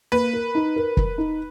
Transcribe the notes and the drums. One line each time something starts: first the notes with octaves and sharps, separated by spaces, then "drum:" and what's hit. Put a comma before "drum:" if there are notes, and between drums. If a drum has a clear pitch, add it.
A#3 B4
A#4
D#4
A#4
A#4, drum: kick
D#4